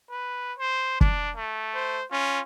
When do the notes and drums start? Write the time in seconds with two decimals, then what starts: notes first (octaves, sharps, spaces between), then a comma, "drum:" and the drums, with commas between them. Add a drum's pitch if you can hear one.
0.10 B4
0.58 C5
1.01 D4, drum: kick
1.36 A3
1.75 C5
2.11 C#4 F4